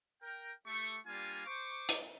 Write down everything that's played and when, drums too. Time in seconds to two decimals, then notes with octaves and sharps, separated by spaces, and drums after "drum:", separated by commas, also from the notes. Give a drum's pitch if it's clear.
0.23 A#4 G5
0.67 A3 G4 C#6
1.07 G3 A#3 D4 F4 F5 G#5
1.46 C5 C#6 D6
1.89 drum: hi-hat